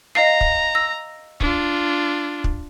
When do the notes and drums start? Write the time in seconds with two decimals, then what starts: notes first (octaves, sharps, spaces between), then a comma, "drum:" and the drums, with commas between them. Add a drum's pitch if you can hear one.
0.15 D#5 F5 A#5 C7
0.41 drum: kick
0.75 E6 A#6
1.40 D4 F4, drum: kick
2.44 drum: kick